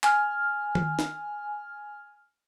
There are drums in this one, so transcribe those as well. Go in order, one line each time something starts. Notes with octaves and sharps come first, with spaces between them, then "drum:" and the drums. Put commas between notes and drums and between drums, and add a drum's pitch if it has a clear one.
G#5 F6, drum: clap
drum: tom D#3
drum: snare